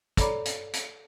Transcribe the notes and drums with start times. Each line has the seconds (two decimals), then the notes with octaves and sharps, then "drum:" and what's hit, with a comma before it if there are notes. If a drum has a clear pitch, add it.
0.17 A4 C#5 D5 A#5 B5 D6, drum: kick, hi-hat
0.45 drum: hi-hat
0.73 drum: hi-hat